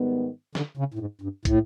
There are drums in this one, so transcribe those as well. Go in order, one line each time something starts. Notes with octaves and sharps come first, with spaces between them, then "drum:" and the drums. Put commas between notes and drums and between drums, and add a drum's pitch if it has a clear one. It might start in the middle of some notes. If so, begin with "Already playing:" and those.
Already playing: G#2 D#3 G3 B3
D3, drum: snare
C#3
A2
G#2
G2
A2, drum: kick, hi-hat